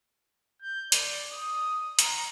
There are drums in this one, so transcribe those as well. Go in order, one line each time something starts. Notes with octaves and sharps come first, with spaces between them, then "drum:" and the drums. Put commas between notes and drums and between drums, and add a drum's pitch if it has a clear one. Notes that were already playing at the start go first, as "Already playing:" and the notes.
G6
D5, drum: hi-hat
D#6
A#5, drum: hi-hat